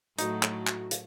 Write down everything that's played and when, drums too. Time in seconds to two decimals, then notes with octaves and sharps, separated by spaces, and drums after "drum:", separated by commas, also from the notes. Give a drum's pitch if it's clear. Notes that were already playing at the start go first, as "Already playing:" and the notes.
0.19 A2 F#3 A3 D#4 F#4, drum: hi-hat
0.43 drum: clap
0.67 drum: clap
0.91 drum: hi-hat